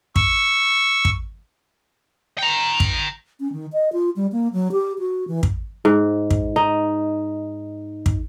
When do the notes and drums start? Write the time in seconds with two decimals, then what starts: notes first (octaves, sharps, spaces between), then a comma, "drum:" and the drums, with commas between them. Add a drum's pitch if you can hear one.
0.16 C#6 E6, drum: kick
1.05 drum: kick
2.39 G5 A#5
2.80 drum: kick
3.40 C#4
3.52 D#3
3.73 D#5
3.93 F4
4.16 G3
4.32 A#3
4.53 F#3
4.72 G4
4.99 F#4
5.28 E3
5.43 drum: kick
5.85 G#2
6.30 drum: kick
6.56 D#4
8.06 drum: kick